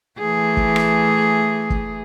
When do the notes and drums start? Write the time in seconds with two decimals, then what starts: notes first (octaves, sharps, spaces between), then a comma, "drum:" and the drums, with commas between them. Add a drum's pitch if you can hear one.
0.19 E3 A3 G#4
0.57 drum: kick
0.76 drum: rim click
1.70 drum: kick